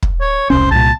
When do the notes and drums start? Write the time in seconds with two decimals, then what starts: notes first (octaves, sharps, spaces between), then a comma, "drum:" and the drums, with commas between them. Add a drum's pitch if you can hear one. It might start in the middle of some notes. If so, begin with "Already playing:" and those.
0.03 drum: kick
0.21 C#5
0.50 E1 C2 C#4 C5
0.71 C2 A#2 A5